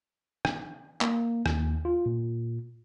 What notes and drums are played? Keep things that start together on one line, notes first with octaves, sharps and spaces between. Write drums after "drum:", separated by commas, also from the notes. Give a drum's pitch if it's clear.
drum: rim click
A#3, drum: clap
D#2, drum: rim click
F4
A#2